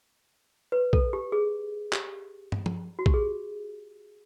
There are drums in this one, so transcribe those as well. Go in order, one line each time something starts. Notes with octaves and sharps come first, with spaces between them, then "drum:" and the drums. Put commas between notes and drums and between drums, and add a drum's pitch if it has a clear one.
B4
A4, drum: kick
G4
G#4
G4, drum: clap
drum: tom
drum: tom F3
F#4
G4, drum: kick
G#4